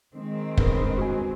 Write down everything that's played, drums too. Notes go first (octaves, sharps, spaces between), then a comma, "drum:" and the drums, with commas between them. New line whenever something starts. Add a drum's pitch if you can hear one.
D#3 G#3 C4
G2 B3 A#4, drum: kick
F#4 G#5